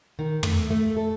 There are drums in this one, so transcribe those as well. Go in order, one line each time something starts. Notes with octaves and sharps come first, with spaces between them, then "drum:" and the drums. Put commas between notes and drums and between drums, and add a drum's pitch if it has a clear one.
D#3
A3, drum: tom
A3
A4